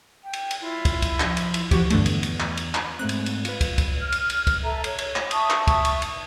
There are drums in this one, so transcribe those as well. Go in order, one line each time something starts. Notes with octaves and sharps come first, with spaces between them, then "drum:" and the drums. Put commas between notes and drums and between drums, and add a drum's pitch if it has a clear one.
G5
drum: cymbal
drum: cymbal
E4 F4
drum: kick, cymbal
drum: kick, cymbal
F3, drum: clap
drum: cymbal
drum: cymbal
E3 F3 F#4 G4, drum: kick, cymbal
E2 G2 D3 A3 B3, drum: cymbal
drum: cymbal
drum: cymbal
drum: clap
drum: cymbal
drum: clap
G#2 A3 C4 F#6
drum: cymbal
drum: cymbal
F4 B4, drum: cymbal
drum: kick, cymbal
drum: kick, cymbal
F6
drum: cymbal
drum: cymbal
drum: kick, cymbal
A4 E5 A#5
C#5, drum: cymbal
drum: cymbal
drum: clap
E5 A5 C#6 D#6, drum: cymbal
drum: clap
drum: kick, cymbal
drum: cymbal
drum: cymbal